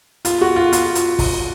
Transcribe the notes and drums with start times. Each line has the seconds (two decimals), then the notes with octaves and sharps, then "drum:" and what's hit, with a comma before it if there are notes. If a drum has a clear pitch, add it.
0.25 F4, drum: hi-hat
0.41 F#4
0.56 F4
0.73 F4, drum: hi-hat
0.95 drum: hi-hat
1.19 drum: kick, open hi-hat